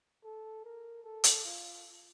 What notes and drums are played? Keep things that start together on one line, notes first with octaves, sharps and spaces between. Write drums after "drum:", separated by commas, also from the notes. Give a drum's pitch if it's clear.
A4
A#4
A4
drum: hi-hat
F4